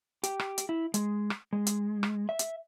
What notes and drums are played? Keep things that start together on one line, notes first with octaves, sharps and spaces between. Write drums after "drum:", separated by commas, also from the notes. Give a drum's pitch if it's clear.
G4, drum: hi-hat
drum: rim click
drum: hi-hat
E4
G#3, drum: hi-hat
drum: rim click
G#3
drum: hi-hat
drum: rim click
E5
drum: hi-hat